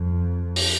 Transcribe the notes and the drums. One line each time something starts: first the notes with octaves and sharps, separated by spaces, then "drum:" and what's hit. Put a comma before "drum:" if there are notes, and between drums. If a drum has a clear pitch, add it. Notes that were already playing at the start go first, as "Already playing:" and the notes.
Already playing: F2
drum: open hi-hat